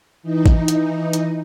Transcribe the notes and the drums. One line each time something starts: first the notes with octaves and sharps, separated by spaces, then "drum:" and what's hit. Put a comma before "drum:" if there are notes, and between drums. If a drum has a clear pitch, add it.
E3 D#4
drum: kick A1
drum: hi-hat
drum: hi-hat